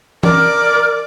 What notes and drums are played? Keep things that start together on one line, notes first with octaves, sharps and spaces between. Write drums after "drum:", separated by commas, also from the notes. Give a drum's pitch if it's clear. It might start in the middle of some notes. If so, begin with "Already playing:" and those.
A#4 D5, drum: tom E3